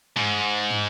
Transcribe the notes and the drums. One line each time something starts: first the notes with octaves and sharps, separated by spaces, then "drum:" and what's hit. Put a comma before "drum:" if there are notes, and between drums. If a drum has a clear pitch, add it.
G#2, drum: tom
drum: tom